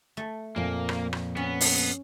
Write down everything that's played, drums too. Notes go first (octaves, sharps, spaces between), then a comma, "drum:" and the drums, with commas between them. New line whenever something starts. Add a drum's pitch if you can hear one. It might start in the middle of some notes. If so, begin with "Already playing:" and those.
A3
F2 A#2 A#3
drum: rim click
drum: rim click
B3 C#4
drum: open hi-hat